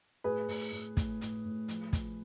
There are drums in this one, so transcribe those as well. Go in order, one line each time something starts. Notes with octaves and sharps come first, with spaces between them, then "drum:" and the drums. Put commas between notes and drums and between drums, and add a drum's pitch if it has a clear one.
A2 G#4 B4
A2, drum: open hi-hat
A2
A2, drum: kick, hi-hat
A2, drum: hi-hat
A2
F3, drum: hi-hat
F3, drum: kick, hi-hat